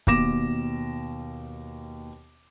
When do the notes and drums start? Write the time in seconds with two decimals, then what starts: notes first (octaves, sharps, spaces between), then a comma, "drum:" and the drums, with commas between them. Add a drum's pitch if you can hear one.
0.07 D#2 B2 D6 A#6 E7, drum: kick